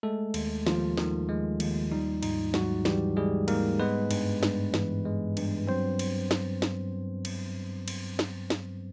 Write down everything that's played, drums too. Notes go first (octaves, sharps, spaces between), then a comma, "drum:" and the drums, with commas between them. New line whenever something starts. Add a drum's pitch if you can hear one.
G#3 A3 A4
D#2, drum: cymbal
D#2 F3 F4, drum: snare
D#3, drum: snare
G#3
D#2, drum: cymbal
G3 D#4
G#2 D#4, drum: cymbal
G#2 F#3 F#4, drum: snare
E3 G3 G4, drum: snare
G3 G#3 G#4
G#2 A#3 A#4, drum: cymbal
G#3 B3 B4
G2, drum: cymbal
G2, drum: snare
E3, drum: snare
G#3
G2, drum: cymbal
F#3 C4 C5
drum: cymbal
drum: snare
drum: snare
drum: cymbal
drum: cymbal
drum: snare
drum: snare